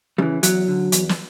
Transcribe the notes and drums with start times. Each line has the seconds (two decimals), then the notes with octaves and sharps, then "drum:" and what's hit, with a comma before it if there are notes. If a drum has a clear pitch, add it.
0.18 C#3 E3 G3
0.43 E2 F#3, drum: hi-hat
0.68 D3
0.92 E2, drum: hi-hat
1.09 drum: snare